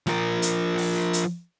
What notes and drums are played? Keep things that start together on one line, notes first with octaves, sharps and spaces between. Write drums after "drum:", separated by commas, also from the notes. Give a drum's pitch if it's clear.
F3 A#4, drum: snare
drum: hi-hat
drum: open hi-hat
drum: hi-hat